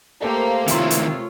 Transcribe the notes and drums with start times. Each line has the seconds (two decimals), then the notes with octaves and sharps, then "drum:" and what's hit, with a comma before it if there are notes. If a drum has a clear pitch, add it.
0.22 A3 A#3 G4 C5
0.68 C3 D#3 A3 E4 F4 C#5 C6, drum: hi-hat
0.90 drum: hi-hat